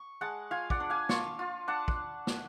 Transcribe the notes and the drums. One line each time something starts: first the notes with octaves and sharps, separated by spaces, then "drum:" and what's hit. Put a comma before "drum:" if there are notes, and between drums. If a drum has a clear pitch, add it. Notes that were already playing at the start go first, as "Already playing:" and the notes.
Already playing: C#6
G#3 F#5 A5
F4 F5 G#5
D5 F#5, drum: kick
D4
F5 G#5
F4 A5 C#6, drum: snare
F4
D4 F#5 A5
drum: kick
drum: snare